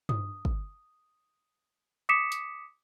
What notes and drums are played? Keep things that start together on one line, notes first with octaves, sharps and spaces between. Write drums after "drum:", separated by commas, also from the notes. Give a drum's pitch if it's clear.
D#6, drum: tom G2
drum: kick
D6 D#6 B6 C#7 E7
drum: hi-hat